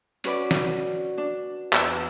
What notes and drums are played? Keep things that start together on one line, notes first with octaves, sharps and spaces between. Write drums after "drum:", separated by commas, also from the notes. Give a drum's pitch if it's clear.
C#4 F#4 B4 D5, drum: hi-hat
drum: snare
D4
E2 E6, drum: clap